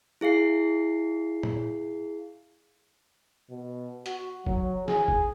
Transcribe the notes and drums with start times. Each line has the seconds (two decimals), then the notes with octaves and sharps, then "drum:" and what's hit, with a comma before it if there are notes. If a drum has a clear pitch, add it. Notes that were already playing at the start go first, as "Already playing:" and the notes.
0.21 E4 G#4 F5 C7
1.43 drum: tom
3.50 B2
4.06 F#4, drum: hi-hat
4.46 F#3, drum: kick
4.88 G#4, drum: snare
5.08 drum: kick